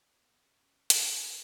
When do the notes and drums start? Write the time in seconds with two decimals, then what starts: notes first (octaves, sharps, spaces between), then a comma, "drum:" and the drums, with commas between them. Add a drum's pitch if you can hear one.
0.14 B3
0.44 C#4
0.90 drum: hi-hat